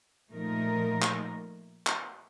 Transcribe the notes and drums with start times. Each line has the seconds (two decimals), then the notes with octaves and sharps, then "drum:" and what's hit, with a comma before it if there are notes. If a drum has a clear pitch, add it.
0.31 A#2 F3 A3 D#4 A#4
1.02 drum: clap
1.87 drum: clap